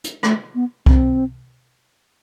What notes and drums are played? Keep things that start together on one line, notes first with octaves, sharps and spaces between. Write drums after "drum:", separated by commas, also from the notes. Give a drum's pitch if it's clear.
drum: hi-hat
A3, drum: rim click
B3
C4, drum: kick C2